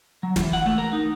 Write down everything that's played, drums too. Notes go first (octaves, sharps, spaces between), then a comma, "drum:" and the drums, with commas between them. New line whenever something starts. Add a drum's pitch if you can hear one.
F#3
E3, drum: snare
F#5
A3
A#4
D#4